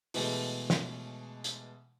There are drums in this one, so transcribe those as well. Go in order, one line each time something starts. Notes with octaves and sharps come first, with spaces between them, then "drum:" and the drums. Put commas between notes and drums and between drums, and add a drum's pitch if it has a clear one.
B2 E3 G#3 A3, drum: open hi-hat
drum: snare
drum: hi-hat